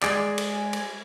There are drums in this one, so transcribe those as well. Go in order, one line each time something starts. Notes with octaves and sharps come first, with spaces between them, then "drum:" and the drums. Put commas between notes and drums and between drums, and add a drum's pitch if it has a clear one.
G#3 G#4 D5, drum: clap
drum: cymbal
drum: cymbal